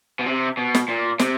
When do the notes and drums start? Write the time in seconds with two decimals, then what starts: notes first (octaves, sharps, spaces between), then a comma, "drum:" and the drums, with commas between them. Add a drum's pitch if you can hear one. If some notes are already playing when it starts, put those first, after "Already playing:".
0.19 B2
0.25 C3
0.57 B2
0.75 drum: snare
0.88 A#2
1.19 C3, drum: snare